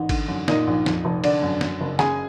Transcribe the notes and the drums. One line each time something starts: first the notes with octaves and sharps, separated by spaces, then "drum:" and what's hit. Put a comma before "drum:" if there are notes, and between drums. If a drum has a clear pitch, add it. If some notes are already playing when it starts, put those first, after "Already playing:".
Already playing: A1 D#4
D3, drum: kick G#1, cymbal
F#2
A#2 D#4 D#5, drum: snare
A#1
F2, drum: snare
F1
D3 D4 D5, drum: cymbal
F#2
F#2, drum: snare
F#1
C#3 G#4 G#5, drum: snare